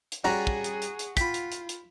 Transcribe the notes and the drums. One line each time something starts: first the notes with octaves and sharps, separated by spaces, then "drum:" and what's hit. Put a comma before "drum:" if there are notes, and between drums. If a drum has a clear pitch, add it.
drum: hi-hat
G3 C#4 F#4 G#4 D5 A#5
drum: kick
drum: hi-hat
drum: hi-hat
drum: hi-hat
F4 G5 B5 B6, drum: kick, hi-hat
drum: hi-hat
drum: hi-hat
drum: hi-hat